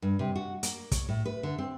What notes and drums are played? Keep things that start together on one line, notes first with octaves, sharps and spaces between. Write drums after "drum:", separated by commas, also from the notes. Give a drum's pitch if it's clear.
G2
C3
F#4
A#3, drum: hi-hat
C#5, drum: kick, hi-hat
A2
B4
D3
C4